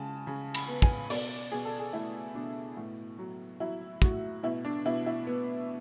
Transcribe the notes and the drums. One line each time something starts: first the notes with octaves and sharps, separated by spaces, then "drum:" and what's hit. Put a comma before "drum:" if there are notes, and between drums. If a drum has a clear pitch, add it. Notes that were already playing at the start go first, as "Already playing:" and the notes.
Already playing: C#3 G#3 A5
C#3
B5, drum: cymbal
B3
G#5, drum: kick
B2 D5, drum: open hi-hat
B2 G#4
A4
G#4
A3 E4
B2 D4
A2
F#3
F#3 E4
A2 F#4, drum: kick
B2 E4
D4
B2 E4
E4
B3